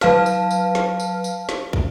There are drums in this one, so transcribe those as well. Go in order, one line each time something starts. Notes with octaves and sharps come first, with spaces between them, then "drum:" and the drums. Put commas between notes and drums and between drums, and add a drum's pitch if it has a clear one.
F#3 B4 F5 A5 F6, drum: snare
drum: tambourine
drum: tambourine
drum: snare
drum: tambourine
drum: tambourine
drum: snare
drum: kick